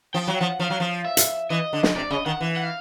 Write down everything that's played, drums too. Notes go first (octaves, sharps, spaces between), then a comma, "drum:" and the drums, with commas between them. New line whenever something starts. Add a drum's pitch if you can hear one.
F3 G5
F#3
F3 F#5
F3 F5
F#3
F3
E5
drum: hi-hat
E3 D#5
D3
drum: snare
C3 D5
C#3 D#5
D#3 F#5
E3
F#5
F5